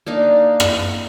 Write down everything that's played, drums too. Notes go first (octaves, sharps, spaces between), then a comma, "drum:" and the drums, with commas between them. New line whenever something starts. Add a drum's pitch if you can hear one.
A#3 D4 D#4
drum: rim click